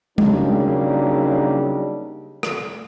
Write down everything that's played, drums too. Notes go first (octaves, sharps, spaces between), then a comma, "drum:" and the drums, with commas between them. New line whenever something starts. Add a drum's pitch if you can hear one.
C#3 F#3 G3 A#3 D4 D#4, drum: tom G#3
drum: rim click